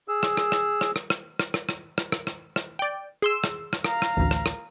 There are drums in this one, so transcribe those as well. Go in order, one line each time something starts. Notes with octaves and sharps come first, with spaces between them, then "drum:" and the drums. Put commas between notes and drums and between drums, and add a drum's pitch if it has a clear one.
G#4 E6
drum: rim click
drum: rim click
drum: rim click
drum: rim click
drum: rim click
drum: rim click
drum: rim click
drum: rim click
drum: rim click
drum: rim click
drum: rim click
drum: rim click
drum: rim click
D5 G5
G#4 C6 E6
drum: rim click
drum: rim click
F5 A#5, drum: rim click
drum: rim click
A1 D2
drum: rim click
drum: rim click